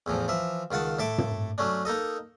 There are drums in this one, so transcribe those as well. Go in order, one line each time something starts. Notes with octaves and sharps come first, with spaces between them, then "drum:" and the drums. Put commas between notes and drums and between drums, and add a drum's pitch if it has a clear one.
E2 A2 E3 F3
E3 F3 E5
C#2 D#3 F4 F#5 A5
A2 A4 E5 D6
drum: tom
F#3 A3 C#4 D4
A#3 D#4 A4 D#5